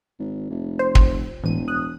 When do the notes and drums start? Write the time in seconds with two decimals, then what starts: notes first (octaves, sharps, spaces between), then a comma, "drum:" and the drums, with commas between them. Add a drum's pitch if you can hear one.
0.19 G#1
0.50 F1
0.79 C5
0.95 drum: kick
1.43 E1 A2 E3 D#7
1.68 D#6 F#6